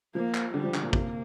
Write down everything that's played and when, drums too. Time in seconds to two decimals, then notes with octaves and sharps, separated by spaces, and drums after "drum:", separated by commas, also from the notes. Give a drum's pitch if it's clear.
0.15 F3 A#3
0.35 drum: clap
0.54 D3 G3
0.64 F3
0.74 D3, drum: clap
0.83 A#2
0.93 C3 A#3, drum: kick